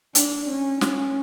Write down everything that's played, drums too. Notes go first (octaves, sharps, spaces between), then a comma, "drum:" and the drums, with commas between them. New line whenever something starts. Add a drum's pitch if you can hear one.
D4, drum: hi-hat
C#4
C#4, drum: snare